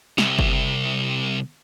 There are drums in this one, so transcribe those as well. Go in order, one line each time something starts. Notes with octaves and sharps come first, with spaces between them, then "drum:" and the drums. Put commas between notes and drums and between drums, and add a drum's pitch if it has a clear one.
C2 C3, drum: snare
drum: kick F#1